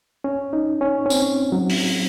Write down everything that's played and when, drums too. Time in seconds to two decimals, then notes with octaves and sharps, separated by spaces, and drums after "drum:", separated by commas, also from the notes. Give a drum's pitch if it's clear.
0.24 C#4
0.53 D#4
0.81 C#4
1.06 C#4
1.10 C4, drum: tambourine
1.52 F#3
1.70 drum: open hi-hat